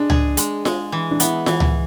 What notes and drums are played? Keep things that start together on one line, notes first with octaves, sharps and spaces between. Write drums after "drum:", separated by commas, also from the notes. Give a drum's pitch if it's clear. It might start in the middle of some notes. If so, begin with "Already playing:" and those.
Already playing: G#3 D4
G#4, drum: tom C#2
G#3, drum: hi-hat
G#3, drum: snare F4
E3
D4
B3 E4, drum: hi-hat
E3, drum: snare F4
drum: tom C#2